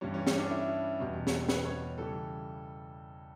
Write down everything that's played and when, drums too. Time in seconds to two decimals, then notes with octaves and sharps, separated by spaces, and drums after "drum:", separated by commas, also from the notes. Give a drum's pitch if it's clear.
0.01 G2 E3 G3 C#4
0.14 C#4
0.27 C#4, drum: snare
0.39 D4
0.51 E4
1.00 E2 B2 G3
1.27 drum: snare
1.49 B4, drum: snare
1.65 C#5
1.98 C#3 E3 G3 A4